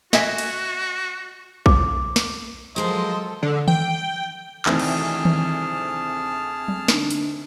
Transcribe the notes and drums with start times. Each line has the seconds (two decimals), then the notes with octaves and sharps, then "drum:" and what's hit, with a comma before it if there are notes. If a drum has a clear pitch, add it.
0.13 F#4 D#5 E5 G#5, drum: snare
0.38 drum: cymbal
1.66 D6, drum: kick A#1
2.16 drum: snare
2.76 F3 F#3 G#3 A4 A#4 C5 D#5
3.43 D3
3.68 G5, drum: tom D#3
4.66 D2 C3 D#3 E3 C4 G#4 A5 F6, drum: clap
4.79 drum: cymbal
5.25 drum: tom D#3
6.68 drum: tom F#3
6.88 D3 D4 D#4, drum: snare
7.11 drum: hi-hat